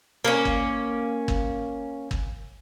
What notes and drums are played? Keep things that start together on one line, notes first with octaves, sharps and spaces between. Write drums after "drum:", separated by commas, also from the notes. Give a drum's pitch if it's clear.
A#3 C#4
drum: kick G1
drum: kick G1
drum: kick G1